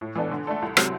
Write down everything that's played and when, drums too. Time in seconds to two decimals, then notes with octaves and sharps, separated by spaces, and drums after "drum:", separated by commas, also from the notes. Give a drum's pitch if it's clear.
0.01 A2
0.16 E3 B3 D4 A4
0.31 D3
0.47 A3 D4 A4
0.62 C2
0.77 C3 F#3 C4, drum: rim click